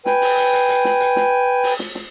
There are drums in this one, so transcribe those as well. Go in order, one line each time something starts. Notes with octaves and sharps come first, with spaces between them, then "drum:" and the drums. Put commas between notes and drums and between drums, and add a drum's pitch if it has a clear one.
B4 G5 G#5, drum: snare
drum: open hi-hat
drum: hi-hat
drum: hi-hat
drum: hi-hat
drum: snare
drum: hi-hat
drum: snare
drum: open hi-hat
drum: snare
drum: snare